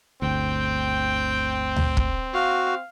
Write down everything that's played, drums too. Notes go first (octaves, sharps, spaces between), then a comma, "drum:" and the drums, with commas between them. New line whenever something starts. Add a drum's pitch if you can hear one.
G1 D2 C4 G5
drum: tom D2
drum: kick
F#4 F5